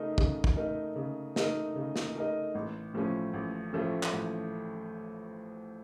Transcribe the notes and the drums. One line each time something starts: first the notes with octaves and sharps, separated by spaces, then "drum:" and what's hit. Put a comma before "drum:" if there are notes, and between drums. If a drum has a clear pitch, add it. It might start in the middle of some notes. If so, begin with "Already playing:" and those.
Already playing: C#3 A3 D#4 A#4 D#5
C#3, drum: kick
drum: kick
A3 D#4 A#4 D#5
C#3
A3 D#4 A#4 D#5, drum: snare
C#3
drum: snare
A3 D#4 A#4 D#5
A1
A2 F3 A3 C#4
A1
A2 F3 A3 C#4
drum: clap
A1